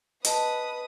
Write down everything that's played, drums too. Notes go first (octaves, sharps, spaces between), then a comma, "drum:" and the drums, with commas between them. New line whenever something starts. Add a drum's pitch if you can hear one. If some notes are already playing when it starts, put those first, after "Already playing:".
B4 D#5 A5 D#6, drum: hi-hat